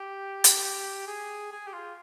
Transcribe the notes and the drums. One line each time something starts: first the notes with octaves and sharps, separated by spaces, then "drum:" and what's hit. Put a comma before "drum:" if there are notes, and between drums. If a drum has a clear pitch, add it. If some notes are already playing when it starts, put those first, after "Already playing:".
Already playing: G4
drum: hi-hat
G#4
G#4
G4
F4